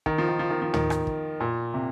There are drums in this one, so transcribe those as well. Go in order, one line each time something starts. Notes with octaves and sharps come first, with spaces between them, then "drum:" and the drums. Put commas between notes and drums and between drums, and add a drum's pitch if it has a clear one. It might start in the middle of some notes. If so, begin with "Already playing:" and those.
D#3, drum: kick
F3
D#3
F3
D#3
F3
D#3, drum: tom
drum: rim click
drum: kick
A#2
C3